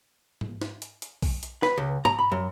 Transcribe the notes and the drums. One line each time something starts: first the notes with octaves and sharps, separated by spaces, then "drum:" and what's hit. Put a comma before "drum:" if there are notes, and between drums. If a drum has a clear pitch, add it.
drum: tom G#2
drum: snare
drum: hi-hat
drum: hi-hat
drum: kick A#1, open hi-hat
drum: hi-hat
B4, drum: snare
C#2
A#5, drum: tom G#2
B5
F#2